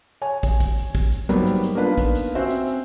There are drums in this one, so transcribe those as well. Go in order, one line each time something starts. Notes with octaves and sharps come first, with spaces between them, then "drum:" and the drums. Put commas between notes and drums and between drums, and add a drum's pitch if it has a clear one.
C#5 G#5
drum: kick, hi-hat
drum: kick, hi-hat
drum: hi-hat
drum: kick, hi-hat
drum: hi-hat
G#2 F#3 G3 A#3 B3, drum: hi-hat
drum: hi-hat
drum: hi-hat
A#3 B3 D4 D#4 F4 B4
drum: kick, hi-hat
drum: hi-hat
C4 C#4 F#4 C5 E5
drum: hi-hat
drum: hi-hat